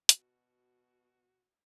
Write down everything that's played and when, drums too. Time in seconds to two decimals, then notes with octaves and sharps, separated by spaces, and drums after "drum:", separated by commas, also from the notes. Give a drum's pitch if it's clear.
0.09 B2 F#4, drum: hi-hat